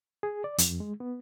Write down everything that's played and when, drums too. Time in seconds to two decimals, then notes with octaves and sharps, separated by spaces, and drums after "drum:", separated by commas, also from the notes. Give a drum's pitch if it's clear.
0.23 G#4
0.44 D5
0.58 F2, drum: hi-hat
0.80 G#3
1.00 B3